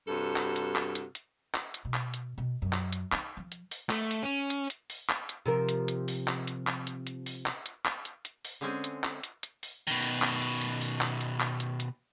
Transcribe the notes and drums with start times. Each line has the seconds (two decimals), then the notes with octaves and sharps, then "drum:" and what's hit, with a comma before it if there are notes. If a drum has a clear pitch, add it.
0.08 G2 C3 F#4 A4
0.36 drum: clap
0.56 drum: hi-hat
0.76 drum: clap
0.95 drum: hi-hat
1.15 drum: hi-hat
1.55 drum: clap
1.74 drum: hi-hat
1.85 B2
1.94 drum: clap
2.14 drum: hi-hat
2.38 B2
2.62 F#2
2.73 drum: clap
2.93 drum: hi-hat
3.12 D#4, drum: clap
3.37 F3
3.52 drum: hi-hat
3.71 drum: open hi-hat
3.90 A3, drum: clap
4.11 drum: hi-hat
4.23 C#4
4.50 drum: hi-hat
4.70 drum: hi-hat
4.90 drum: open hi-hat
5.09 drum: clap
5.29 drum: hi-hat
5.46 C3 F3 A#4
5.69 drum: hi-hat
5.88 drum: hi-hat
6.08 drum: open hi-hat
6.28 drum: clap
6.47 drum: hi-hat
6.67 drum: clap
6.87 drum: hi-hat
7.07 drum: hi-hat
7.26 drum: open hi-hat
7.46 drum: clap
7.66 drum: hi-hat
7.85 drum: clap
8.05 drum: hi-hat
8.25 drum: hi-hat
8.45 drum: open hi-hat
8.61 D3 G#3 C4 C#4 G#5
8.84 drum: hi-hat
9.04 drum: clap
9.24 drum: hi-hat
9.43 drum: hi-hat
9.63 drum: open hi-hat
9.87 B2 D#3
10.02 drum: hi-hat
10.22 drum: clap
10.42 drum: hi-hat
10.62 drum: hi-hat
10.81 drum: open hi-hat
11.01 drum: clap
11.21 drum: hi-hat
11.40 drum: clap
11.60 drum: hi-hat
11.80 drum: hi-hat